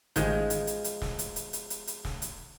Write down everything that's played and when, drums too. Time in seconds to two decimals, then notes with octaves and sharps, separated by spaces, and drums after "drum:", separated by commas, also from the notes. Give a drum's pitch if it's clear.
0.16 A1 D#3 F3 G#3 G6, drum: hi-hat
0.50 drum: hi-hat
0.67 drum: hi-hat
0.84 drum: hi-hat
1.02 drum: snare
1.19 drum: hi-hat
1.36 drum: hi-hat
1.53 drum: hi-hat
1.70 drum: hi-hat
1.87 drum: hi-hat
2.05 drum: snare
2.22 drum: hi-hat